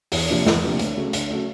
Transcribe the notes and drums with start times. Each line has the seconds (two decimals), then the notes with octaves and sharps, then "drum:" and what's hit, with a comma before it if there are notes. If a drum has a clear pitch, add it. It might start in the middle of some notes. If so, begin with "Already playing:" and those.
0.12 E2, drum: open hi-hat
0.29 C3 F3 A#3 D4
0.46 E2, drum: snare
0.63 C3 F3 A#3 D4
0.79 D2, drum: hi-hat
0.97 C#3 F#3 A3
1.13 D2, drum: hi-hat
1.30 C#3 F#3 A3